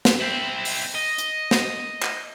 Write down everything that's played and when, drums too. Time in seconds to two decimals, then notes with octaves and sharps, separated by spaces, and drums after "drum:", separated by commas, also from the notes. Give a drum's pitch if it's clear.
0.05 drum: snare
0.21 C4 E4
0.65 drum: open hi-hat
0.95 D#5
1.18 drum: hi-hat
1.51 drum: snare
2.02 drum: clap